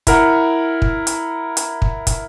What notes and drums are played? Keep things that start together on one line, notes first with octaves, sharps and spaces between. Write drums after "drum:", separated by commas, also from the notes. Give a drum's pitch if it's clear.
E4 A#4 F#5, drum: kick, hi-hat
drum: kick
drum: hi-hat
drum: hi-hat
drum: kick
drum: kick, hi-hat